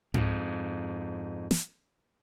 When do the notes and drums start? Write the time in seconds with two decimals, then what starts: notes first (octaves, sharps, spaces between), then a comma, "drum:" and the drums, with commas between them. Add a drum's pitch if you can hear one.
0.14 F2 G#2, drum: tom G#2
1.51 drum: snare